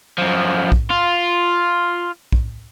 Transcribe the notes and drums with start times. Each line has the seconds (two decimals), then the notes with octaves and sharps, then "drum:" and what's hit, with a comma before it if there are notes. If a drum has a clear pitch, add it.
0.18 F#2 F3
0.72 drum: kick
0.90 F4
2.32 drum: kick